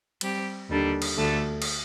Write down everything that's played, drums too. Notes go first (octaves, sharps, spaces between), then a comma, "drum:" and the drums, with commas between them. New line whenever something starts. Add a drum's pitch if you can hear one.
G3 C4 G4, drum: cymbal
D#2 D3 G3 D4
drum: cymbal
D2 D3 A3
drum: cymbal